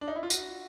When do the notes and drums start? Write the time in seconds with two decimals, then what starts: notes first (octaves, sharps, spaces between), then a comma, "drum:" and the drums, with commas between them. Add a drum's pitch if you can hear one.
0.01 D4
0.08 D#4
0.16 E4
0.23 F4
0.30 F#4, drum: tambourine